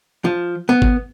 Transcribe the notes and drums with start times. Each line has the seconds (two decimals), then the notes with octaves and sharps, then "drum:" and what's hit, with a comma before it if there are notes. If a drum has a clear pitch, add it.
0.25 F3
0.69 B3
0.82 drum: kick G1